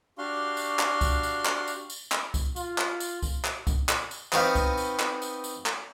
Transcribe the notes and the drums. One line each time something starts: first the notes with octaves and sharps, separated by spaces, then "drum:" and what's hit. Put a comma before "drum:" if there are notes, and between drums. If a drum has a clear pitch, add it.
D4 F#4 G4 F5 C6
drum: tambourine
drum: clap
drum: kick C2, tambourine
drum: tambourine
drum: clap
drum: tambourine
drum: tambourine
drum: clap
drum: kick C2, tambourine
F4, drum: tambourine
drum: clap
drum: tambourine
drum: kick C2, tambourine
drum: clap
drum: kick C2, tambourine
drum: clap
drum: tambourine
B3 C4 D#4 F#4 B4 F5, drum: clap
drum: kick C2, tambourine
drum: tambourine
drum: clap
drum: tambourine
drum: tambourine
drum: clap